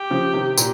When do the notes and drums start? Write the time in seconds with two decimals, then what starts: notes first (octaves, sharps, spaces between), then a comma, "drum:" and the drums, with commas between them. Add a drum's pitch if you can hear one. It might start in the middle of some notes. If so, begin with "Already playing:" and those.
Already playing: G4
0.10 C#3 F3
0.34 C3 D#3
0.58 A#2, drum: tambourine